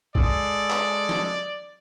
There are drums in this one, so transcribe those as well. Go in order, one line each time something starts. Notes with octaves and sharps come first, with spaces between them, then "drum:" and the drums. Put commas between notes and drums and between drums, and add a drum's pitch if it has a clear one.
G#3 G#4 A4 D5, drum: kick A#1
drum: clap
drum: snare